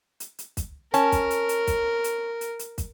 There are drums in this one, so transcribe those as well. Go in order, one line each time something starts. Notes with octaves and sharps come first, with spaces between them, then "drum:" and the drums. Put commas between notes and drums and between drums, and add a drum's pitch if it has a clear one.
drum: hi-hat
drum: hi-hat
drum: kick, hi-hat
C#4 A#4 A5, drum: hi-hat
drum: kick, hi-hat
drum: hi-hat
drum: hi-hat
drum: kick, hi-hat
drum: hi-hat
drum: hi-hat
drum: hi-hat
drum: kick, hi-hat